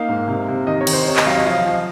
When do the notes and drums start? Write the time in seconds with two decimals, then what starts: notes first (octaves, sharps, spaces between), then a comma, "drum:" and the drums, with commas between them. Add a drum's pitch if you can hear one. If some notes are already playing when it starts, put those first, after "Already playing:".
Already playing: A#3 D#4 F5
0.09 G#2
0.28 C3
0.48 C3
0.67 D#3 D#5
0.81 C#5
0.87 D#3, drum: cymbal
0.93 C5
1.06 C3 C#5
1.16 D#5, drum: clap
1.26 F#3 F5
1.37 D#5
1.46 F3 F5
1.66 F3